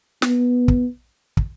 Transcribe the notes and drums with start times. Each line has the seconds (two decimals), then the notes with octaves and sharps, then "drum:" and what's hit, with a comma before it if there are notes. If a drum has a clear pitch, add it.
0.22 B3, drum: snare
0.68 drum: kick
1.37 drum: kick